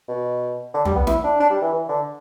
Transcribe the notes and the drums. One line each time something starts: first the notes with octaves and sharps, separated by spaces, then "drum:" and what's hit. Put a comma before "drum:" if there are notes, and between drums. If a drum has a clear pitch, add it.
B2
D3
G3, drum: tom
B3
E4, drum: snare
D4
D4
G3
E3
E3
D3